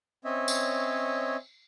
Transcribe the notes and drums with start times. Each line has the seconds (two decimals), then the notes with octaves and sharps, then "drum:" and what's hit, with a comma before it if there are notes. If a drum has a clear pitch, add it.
0.25 C4 C#4 C#5 D#5 E5
0.48 drum: tambourine